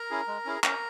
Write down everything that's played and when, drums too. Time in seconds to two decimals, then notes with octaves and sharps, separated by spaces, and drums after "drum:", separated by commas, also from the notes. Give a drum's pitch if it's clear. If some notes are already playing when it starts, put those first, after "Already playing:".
Already playing: A#4 A#5
0.11 C#4 E4 G#4
0.28 G#3
0.45 C#4 E4 G#4
0.64 C#4 A#4 A#5, drum: clap